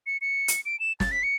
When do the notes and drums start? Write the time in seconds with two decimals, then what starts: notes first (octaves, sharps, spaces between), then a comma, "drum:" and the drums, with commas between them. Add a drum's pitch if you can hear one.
0.06 C#7
0.21 C#7
0.48 drum: hi-hat
0.65 D7
0.80 E7
1.00 A6, drum: snare
1.11 B6
1.23 C#7